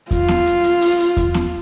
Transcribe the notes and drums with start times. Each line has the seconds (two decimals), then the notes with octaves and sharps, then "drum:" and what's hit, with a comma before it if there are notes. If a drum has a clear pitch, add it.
0.11 F4, drum: kick E2, hi-hat
0.28 drum: snare B3
0.46 drum: hi-hat
0.64 drum: hi-hat
0.81 drum: open hi-hat
0.99 drum: hi-hat
1.17 drum: kick E2, hi-hat
1.34 drum: snare B3